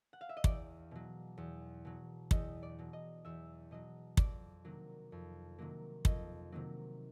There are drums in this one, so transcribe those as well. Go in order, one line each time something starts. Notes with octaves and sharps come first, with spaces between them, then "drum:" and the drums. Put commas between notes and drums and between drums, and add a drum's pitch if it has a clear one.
F#5
F5
E5
D#5
E2 D5, drum: kick
B2 F#3
E2
B2 F#3
E2 D#5, drum: kick
D5
B2 F#3
D#5
E2 E5
B2 F#3 D#5
F2 D5, drum: kick
C3 D#3 F#3 A#3
F2
C3 D#3 F#3 A#3
F2 D#5, drum: kick
C3 D#3 F#3 A#3